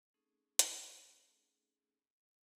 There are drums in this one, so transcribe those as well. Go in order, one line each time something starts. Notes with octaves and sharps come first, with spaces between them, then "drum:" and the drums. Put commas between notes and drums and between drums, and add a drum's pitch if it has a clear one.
A3 C4 C#4 D#4 G#4 A4
drum: hi-hat